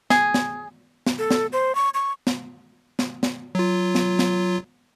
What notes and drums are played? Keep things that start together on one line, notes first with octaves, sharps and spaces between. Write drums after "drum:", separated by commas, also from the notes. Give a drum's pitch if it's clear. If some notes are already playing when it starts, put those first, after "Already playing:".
G#4, drum: snare
drum: snare
drum: snare
A4
drum: snare
C5
C#6
C#6
drum: snare
drum: snare
drum: snare
F#3 F4
drum: snare
drum: snare